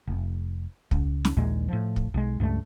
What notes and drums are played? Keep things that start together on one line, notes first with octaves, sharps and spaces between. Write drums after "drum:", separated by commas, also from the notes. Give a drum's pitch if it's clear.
F1
C#2, drum: kick
drum: snare
A#1 D#2 A#2 G#3
A2 F3
drum: kick
B1 G#3
C#2 G2 F#3 A3